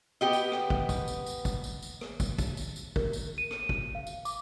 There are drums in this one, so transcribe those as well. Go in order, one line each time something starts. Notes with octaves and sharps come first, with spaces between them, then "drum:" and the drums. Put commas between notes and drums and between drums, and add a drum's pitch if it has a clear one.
B3 G4 D#5
drum: tambourine
drum: rim click
drum: kick
drum: kick, tambourine
drum: tambourine
drum: tambourine
drum: kick, tambourine
drum: tambourine
drum: tambourine
drum: rim click
drum: kick, tambourine
drum: kick, tambourine
drum: tambourine
drum: tambourine
A#4, drum: kick
drum: tambourine
D#7
drum: rim click
drum: kick
F5
drum: tambourine
D6, drum: tambourine